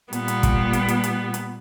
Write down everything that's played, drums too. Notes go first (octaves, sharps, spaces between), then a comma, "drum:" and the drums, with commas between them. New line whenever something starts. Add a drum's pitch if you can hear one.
A#2 G3 B3, drum: hi-hat
drum: hi-hat
drum: kick, hi-hat
drum: hi-hat
drum: hi-hat
drum: hi-hat
drum: hi-hat